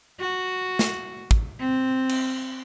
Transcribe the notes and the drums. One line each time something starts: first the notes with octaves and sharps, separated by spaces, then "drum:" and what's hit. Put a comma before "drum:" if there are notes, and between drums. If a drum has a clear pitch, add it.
F#4
drum: snare
drum: kick
C4
drum: cymbal